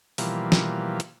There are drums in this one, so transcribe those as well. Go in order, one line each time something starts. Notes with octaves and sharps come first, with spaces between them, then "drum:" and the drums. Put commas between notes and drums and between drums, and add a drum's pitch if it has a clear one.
B2 E3 F3 G3 A#3, drum: open hi-hat
drum: snare
drum: hi-hat